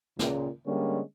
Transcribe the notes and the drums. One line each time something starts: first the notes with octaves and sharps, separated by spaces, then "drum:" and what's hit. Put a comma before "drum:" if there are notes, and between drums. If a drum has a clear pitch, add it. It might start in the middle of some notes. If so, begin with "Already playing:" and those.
C#2 A#2, drum: snare
D3 G3 G#3 A#3 C#4